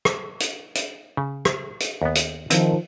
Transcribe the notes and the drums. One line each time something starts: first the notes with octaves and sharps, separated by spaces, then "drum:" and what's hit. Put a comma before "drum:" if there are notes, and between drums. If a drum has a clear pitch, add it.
drum: rim click
drum: hi-hat
drum: hi-hat
C#3
drum: rim click
drum: hi-hat
D#2 B3
drum: hi-hat
D#3 F3 C4 E4 A#4, drum: hi-hat